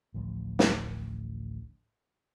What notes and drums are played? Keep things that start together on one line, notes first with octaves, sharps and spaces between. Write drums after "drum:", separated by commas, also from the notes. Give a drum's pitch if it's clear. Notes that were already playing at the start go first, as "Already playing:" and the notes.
A1 D2 F3
drum: snare